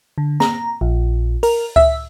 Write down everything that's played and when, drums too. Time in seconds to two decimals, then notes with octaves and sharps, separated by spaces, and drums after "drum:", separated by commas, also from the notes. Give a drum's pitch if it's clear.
0.18 D3
0.40 A#5, drum: snare
0.81 A#1
1.43 A#4, drum: open hi-hat
1.76 E5, drum: kick C#2